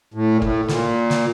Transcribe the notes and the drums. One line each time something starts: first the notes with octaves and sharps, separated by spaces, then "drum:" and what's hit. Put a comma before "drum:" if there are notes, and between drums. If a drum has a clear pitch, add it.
A2
A#2
A2, drum: kick
A2
A#2, drum: snare
drum: snare